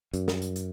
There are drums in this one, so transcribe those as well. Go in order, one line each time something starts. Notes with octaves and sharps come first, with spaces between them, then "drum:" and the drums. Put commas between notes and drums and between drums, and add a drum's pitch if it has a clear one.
F#2, drum: hi-hat
drum: snare
drum: hi-hat
drum: hi-hat